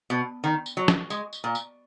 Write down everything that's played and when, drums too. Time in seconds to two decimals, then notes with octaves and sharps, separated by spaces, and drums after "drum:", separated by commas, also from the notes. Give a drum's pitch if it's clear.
0.10 B2
0.44 D#3
0.66 drum: tambourine
0.77 F#3
0.88 drum: snare
1.10 G#3, drum: tambourine
1.33 drum: tambourine
1.44 A#2
1.55 drum: tambourine